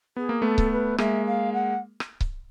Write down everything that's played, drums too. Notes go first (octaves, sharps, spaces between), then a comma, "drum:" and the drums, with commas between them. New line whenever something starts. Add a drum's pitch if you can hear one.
B3 G#4
A#3
A3 B3 A4
drum: kick C#1
B4
G#3 A#3 E5, drum: rim click
F5
F#5
drum: rim click
drum: kick C#1